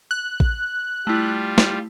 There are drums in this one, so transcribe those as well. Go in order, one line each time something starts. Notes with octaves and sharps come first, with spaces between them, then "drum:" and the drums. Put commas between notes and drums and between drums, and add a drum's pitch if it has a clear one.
F#6
drum: kick A1
G3 A3 E4 F4
drum: snare